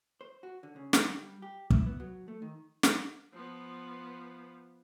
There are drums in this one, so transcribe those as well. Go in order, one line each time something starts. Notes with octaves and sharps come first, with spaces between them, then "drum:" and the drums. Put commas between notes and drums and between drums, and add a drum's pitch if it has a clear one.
C5
F#4
D3
C#3
D3, drum: snare
G3
G4
E4, drum: kick
B3
F#3
A3
D#3
drum: snare
F3 B3